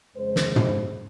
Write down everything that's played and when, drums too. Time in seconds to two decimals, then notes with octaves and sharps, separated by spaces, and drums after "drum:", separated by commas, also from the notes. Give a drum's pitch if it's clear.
0.15 F2 C#3 G#3 C5
0.36 drum: snare
0.56 drum: tom